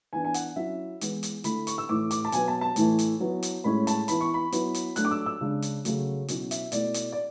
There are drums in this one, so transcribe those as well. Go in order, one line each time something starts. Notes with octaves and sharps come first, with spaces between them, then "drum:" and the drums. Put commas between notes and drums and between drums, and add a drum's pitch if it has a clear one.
E3 B3 D4 G#5
G#5
F#5, drum: hi-hat
F#3 C#4 E4 E5
E3 G#3 B3 E4, drum: hi-hat
drum: hi-hat
D3 A3 E4 B5, drum: hi-hat
C#6, drum: hi-hat
E6
A2 E3 A3 E4 D6
D6, drum: hi-hat
A5
B2 F#3 B3 G#5, drum: hi-hat
A5
A5
A2 E3 A3 E4, drum: hi-hat
drum: hi-hat
F#3 B3 E4
drum: hi-hat
A2 G#3 C#4 E4 B5
A5, drum: hi-hat
E3 B3 E4 B5, drum: hi-hat
C#6
B5
F#3 B3 E4, drum: hi-hat
drum: hi-hat
F#3 A3 D4 F#6, drum: hi-hat
D6
E6
E6
C#3 G#3 D4
drum: hi-hat
C#3 F#3 A3, drum: hi-hat
B2 F#3 C#4 E4, drum: hi-hat
E5, drum: hi-hat
B2 A3 E4 D5, drum: hi-hat
drum: hi-hat
D5